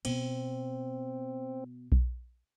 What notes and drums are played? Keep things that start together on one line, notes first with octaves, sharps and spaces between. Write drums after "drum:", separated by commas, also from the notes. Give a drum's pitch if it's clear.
B2 C4, drum: cymbal
drum: kick B1